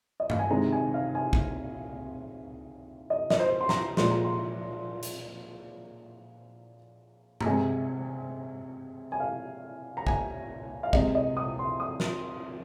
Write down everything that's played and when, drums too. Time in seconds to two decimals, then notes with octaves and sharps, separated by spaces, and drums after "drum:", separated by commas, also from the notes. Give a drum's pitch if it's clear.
0.20 D#5
0.30 F5, drum: tom G2
0.39 G#5
0.49 C3 D#3 G#3 A#5
0.72 G#5
0.94 F5
1.15 G#5
1.33 drum: kick
3.10 D#5
3.30 D#5, drum: snare
3.40 C5
3.61 C6
3.69 A#5, drum: snare
3.97 A#2 F3 G#3 C6, drum: snare
4.11 A#5
4.24 C6
5.03 drum: hi-hat
7.41 A#5, drum: tom G2
7.46 C3 G#3 G#5
9.12 G#5
9.20 F5
9.97 A#5
10.07 G#5, drum: kick
10.83 F5
10.93 C3 G#3 D#5, drum: kick
11.15 D#5
11.37 D#6
11.59 C6
11.80 D#6
12.00 drum: snare